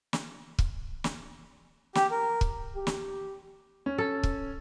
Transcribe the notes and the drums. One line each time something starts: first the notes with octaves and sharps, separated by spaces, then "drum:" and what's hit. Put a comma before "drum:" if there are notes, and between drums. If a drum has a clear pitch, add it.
drum: snare
drum: kick
drum: snare
G4, drum: snare
A#4
drum: kick
G4
drum: snare
C#4
A4
drum: kick